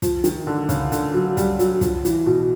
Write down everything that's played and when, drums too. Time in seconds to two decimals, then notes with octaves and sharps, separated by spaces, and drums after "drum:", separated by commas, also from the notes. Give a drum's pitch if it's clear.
0.02 F3, drum: kick, hi-hat
0.24 D#3, drum: hi-hat
0.47 D3
0.69 C#3, drum: kick, hi-hat
0.92 D3, drum: hi-hat
1.14 F#3
1.37 G3, drum: kick, hi-hat
1.59 F#3, drum: hi-hat
1.81 F3, drum: kick, hi-hat
2.05 E3, drum: hi-hat
2.26 B2